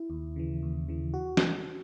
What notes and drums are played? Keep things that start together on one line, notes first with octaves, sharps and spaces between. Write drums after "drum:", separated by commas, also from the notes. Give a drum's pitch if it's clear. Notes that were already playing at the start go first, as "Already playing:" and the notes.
Already playing: E4
D#2
C#3 E3
D#2
C#3 E3
F#4
drum: snare